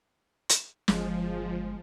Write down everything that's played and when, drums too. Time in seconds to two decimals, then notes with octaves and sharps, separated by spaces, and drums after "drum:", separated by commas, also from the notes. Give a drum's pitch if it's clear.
0.49 drum: hi-hat
0.88 G1 F3 G#3, drum: snare